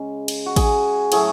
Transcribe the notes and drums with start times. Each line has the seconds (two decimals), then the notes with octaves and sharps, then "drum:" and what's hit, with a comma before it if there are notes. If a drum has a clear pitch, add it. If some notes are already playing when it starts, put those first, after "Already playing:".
Already playing: C#3 G#3
0.28 drum: cymbal
0.46 F#4
0.56 G#4, drum: kick A1, cymbal
1.12 A2 F#3 A3 G#4, drum: cymbal